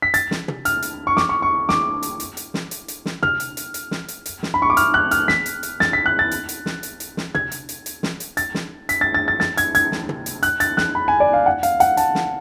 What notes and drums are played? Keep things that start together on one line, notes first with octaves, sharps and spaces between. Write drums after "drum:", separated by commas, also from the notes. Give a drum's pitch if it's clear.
B6
A6, drum: hi-hat
drum: snare
drum: tom
F6, drum: hi-hat
drum: hi-hat
C#6
D6, drum: snare
C#6
C#6
D6, drum: snare
drum: hi-hat
drum: hi-hat
drum: hi-hat
drum: snare
drum: hi-hat
drum: hi-hat
drum: snare
F6, drum: tom
drum: hi-hat
drum: hi-hat
drum: hi-hat
drum: snare
drum: hi-hat
drum: hi-hat
drum: snare
B5
C#6
D6
F6, drum: hi-hat
F#6
F6, drum: hi-hat
B6, drum: snare
drum: hi-hat
drum: hi-hat
A6, drum: snare
B6
F#6
A6
drum: hi-hat
drum: hi-hat
drum: snare
drum: hi-hat
drum: hi-hat
drum: snare
G#6, drum: tom
drum: hi-hat
drum: hi-hat
drum: hi-hat
drum: snare
drum: hi-hat
A6, drum: hi-hat
drum: snare
B6, drum: hi-hat
A6
A6
A6
A6, drum: snare
G#6, drum: hi-hat
G#6, drum: hi-hat
drum: snare
drum: tom
drum: hi-hat
F#6, drum: hi-hat
A6, drum: hi-hat
F#6, drum: snare
B5
G#5
D5
F5
F#5
F5, drum: hi-hat
F#5, drum: hi-hat
A5, drum: hi-hat
drum: snare